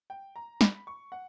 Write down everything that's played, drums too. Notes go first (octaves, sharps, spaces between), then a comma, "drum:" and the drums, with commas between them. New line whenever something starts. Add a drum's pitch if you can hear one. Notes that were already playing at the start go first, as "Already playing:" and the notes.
G5
A#5
B5, drum: snare
C#6
F#5